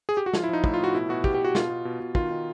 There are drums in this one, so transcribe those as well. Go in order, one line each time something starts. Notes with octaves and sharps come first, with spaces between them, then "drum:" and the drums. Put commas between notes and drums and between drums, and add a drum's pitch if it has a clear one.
G#4
G4
F#4
F3 F4, drum: snare
E4
F3 D#4
A2 E4, drum: kick
F4
A2 F#4
B2 E4
B2 F#4
B2 G4, drum: kick
G4
B2
F#4
B2 F4, drum: snare
B2
B2
B2
D#3 F4, drum: kick
D#3